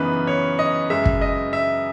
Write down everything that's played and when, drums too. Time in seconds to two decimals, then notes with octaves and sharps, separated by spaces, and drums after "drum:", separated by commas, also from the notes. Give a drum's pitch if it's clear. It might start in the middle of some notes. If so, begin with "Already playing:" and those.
Already playing: F#2 C#3 E3 B3 D#4 B4
0.27 C#5
0.59 D#5
0.90 F#2 C#3 G#3 E5
1.06 drum: kick
1.21 D#5
1.53 E5